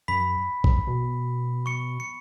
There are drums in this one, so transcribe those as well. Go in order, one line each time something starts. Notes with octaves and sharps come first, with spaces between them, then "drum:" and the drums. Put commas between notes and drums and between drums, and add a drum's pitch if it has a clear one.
F#2 B5 B6
drum: kick
B2
C#6 C#7
C#7